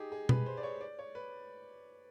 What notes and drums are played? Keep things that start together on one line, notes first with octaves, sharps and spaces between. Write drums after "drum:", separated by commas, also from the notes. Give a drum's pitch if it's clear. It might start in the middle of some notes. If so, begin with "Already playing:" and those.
Already playing: D#4 G4 G#4
G#4
B4, drum: tom B2
C5
D5
C#5
D5
C#5
B4